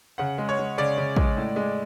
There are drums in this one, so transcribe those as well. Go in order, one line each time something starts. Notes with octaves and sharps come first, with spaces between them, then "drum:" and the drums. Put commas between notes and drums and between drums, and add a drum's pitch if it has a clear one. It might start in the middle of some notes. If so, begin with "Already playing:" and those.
C#3 F#5
G#3
C#5
G#3
C#3 D5
C#3
G#3, drum: kick
A2
G#3